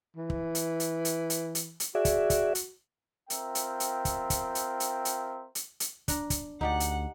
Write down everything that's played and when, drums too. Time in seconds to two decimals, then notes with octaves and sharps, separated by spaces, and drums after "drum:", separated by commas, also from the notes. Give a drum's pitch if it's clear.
0.16 E3
0.30 drum: kick
0.55 drum: hi-hat
0.80 drum: hi-hat
1.05 drum: hi-hat
1.30 drum: hi-hat
1.55 drum: hi-hat
1.80 drum: hi-hat
1.95 F#4 G#4 D5 E5
2.05 drum: kick, hi-hat
2.30 drum: kick, hi-hat
2.55 drum: hi-hat
3.30 C4 F4 A#4 E5 G5, drum: hi-hat
3.55 drum: hi-hat
3.80 drum: hi-hat
4.05 drum: kick, hi-hat
4.30 drum: kick, hi-hat
4.55 drum: hi-hat
4.80 drum: hi-hat
5.05 drum: hi-hat
5.55 drum: hi-hat
5.80 drum: hi-hat
6.08 D4 A#5, drum: kick, hi-hat
6.30 drum: kick, hi-hat
6.61 D2 D#4 G4 D5 F#5
6.80 drum: hi-hat